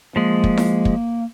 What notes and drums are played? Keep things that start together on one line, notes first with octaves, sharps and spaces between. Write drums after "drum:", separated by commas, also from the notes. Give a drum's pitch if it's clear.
F3 G#3 A#3
drum: kick
drum: snare E4
drum: kick